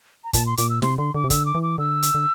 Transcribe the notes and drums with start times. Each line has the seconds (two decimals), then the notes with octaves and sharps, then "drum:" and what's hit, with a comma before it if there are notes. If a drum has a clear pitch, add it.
0.24 A#5
0.33 A#2 A5, drum: kick, hi-hat
0.46 C6
0.57 A#2 D6, drum: hi-hat
0.70 E6
0.82 C3 C6, drum: snare
0.98 D3 C6
1.15 D3 D6
1.24 C3
1.30 D3 E6, drum: kick, hi-hat
1.46 D6
1.55 E3
1.63 D6
1.78 D3 E6
2.02 drum: hi-hat
2.15 D3